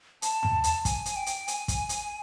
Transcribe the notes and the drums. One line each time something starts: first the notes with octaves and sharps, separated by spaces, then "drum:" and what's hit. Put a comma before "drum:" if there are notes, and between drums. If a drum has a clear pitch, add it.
A5, drum: hi-hat
drum: tom
drum: hi-hat
G#5, drum: kick, hi-hat
drum: hi-hat
G5
drum: hi-hat
G#5, drum: hi-hat
drum: kick, hi-hat
drum: hi-hat